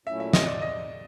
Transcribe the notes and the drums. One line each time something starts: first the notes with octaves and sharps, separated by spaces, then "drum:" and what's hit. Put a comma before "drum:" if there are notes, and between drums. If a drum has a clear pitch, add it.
A#2 F#3 A3 C#4 E4 E5
E5
D#5, drum: snare
D5
D#5